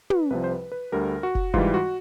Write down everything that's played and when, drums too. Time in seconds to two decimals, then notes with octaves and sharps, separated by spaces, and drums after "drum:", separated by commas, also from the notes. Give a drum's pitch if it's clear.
0.10 B4, drum: tom
0.30 C2 C3 F3 B4
0.44 C5
0.51 B4
0.72 B4
0.92 D2 D3 G3 A#4
1.23 F#4
1.35 drum: kick
1.54 G#2 E3 G3 F4, drum: kick
1.74 F#4